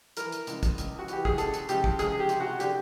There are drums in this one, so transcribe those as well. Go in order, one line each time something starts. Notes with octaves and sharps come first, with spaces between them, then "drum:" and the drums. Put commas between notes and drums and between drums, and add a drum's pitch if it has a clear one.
E3 A#4, drum: hi-hat
drum: hi-hat
C#2, drum: hi-hat
drum: kick, hi-hat
C#2, drum: hi-hat
F#4
E3 G4, drum: hi-hat
G#4, drum: kick
C#2 A4, drum: hi-hat
drum: hi-hat
C#2 G4, drum: hi-hat
drum: kick
C#2 G#4, drum: hi-hat
G4
C3, drum: hi-hat
F#4
D3 G4, drum: hi-hat